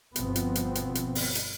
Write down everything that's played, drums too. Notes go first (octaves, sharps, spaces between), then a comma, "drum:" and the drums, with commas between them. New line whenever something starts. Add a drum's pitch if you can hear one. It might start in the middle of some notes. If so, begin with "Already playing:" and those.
G1 B2 F3 B3 C4, drum: hi-hat
drum: hi-hat
drum: hi-hat
drum: hi-hat
drum: hi-hat
drum: open hi-hat
drum: hi-hat